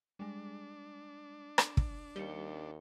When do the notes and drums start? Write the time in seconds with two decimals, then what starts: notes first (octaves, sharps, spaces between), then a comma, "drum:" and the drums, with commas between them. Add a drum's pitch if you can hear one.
0.19 G3 G#3 D4
1.58 drum: rim click
1.77 drum: kick
2.16 D#2 G3 C#7 G7